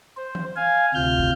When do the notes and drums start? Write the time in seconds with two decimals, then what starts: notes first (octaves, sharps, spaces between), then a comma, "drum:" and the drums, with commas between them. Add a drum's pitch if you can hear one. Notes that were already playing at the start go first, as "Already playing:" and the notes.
0.17 C5
0.35 drum: tom E3
0.56 F5 G#5
0.94 D2 C3 F4 F6 G6
1.19 drum: kick